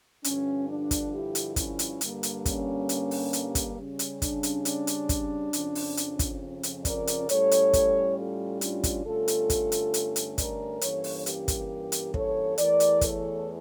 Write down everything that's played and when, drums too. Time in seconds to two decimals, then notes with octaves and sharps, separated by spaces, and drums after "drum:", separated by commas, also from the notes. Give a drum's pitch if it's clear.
0.24 G2 D3 F3 C#4, drum: hi-hat
0.69 D4
0.91 drum: kick, hi-hat
1.12 E4 G4
1.35 drum: hi-hat
1.56 C#4 E4, drum: kick, hi-hat
1.79 drum: hi-hat
2.01 G2 D3 G3 A#3, drum: hi-hat
2.23 drum: hi-hat
2.46 C#4, drum: kick, hi-hat
2.89 drum: hi-hat
3.11 drum: open hi-hat
3.33 drum: hi-hat
3.55 drum: kick, hi-hat
3.77 C#3 G3 C#4
3.99 drum: hi-hat
4.22 D4, drum: kick, hi-hat
4.43 drum: hi-hat
4.65 D4, drum: hi-hat
4.87 drum: hi-hat
5.09 drum: kick, hi-hat
5.53 F2 C#3 F3 C#4, drum: hi-hat
5.75 drum: open hi-hat
5.97 drum: hi-hat
6.19 drum: kick, hi-hat
6.63 drum: hi-hat
6.85 A#4 D5, drum: kick, hi-hat
7.07 drum: hi-hat
7.29 A2 G3 C#4 A4 C#5, drum: hi-hat
7.51 drum: hi-hat
7.73 drum: kick, hi-hat
8.17 F4 A4
8.61 D4 F4, drum: hi-hat
8.84 drum: kick, hi-hat
9.05 G2 D3 A3 C#4 F4 A4
9.28 drum: hi-hat
9.50 drum: kick, hi-hat
9.72 drum: hi-hat
9.94 drum: hi-hat
10.16 drum: hi-hat
10.38 A#4 D5, drum: kick, hi-hat
10.81 G2 E3 A#3 C#4 A4 C#5, drum: hi-hat
11.04 drum: open hi-hat
11.26 G4 A#4, drum: hi-hat
11.48 drum: kick, hi-hat
11.92 drum: hi-hat
12.14 A4 C#5, drum: kick
12.58 E2 E3 A3 A#4 D5, drum: hi-hat
12.80 drum: hi-hat
13.01 A4 C#5, drum: kick, hi-hat